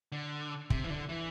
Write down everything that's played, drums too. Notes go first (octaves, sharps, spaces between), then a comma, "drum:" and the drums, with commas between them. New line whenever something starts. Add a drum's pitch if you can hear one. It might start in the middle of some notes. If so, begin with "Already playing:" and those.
D3
C3, drum: kick
E3
D3
E3